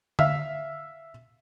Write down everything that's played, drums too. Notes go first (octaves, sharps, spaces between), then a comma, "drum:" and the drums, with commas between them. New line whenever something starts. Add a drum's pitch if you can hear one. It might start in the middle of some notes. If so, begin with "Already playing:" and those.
E5 F5 E6 F6, drum: tom D3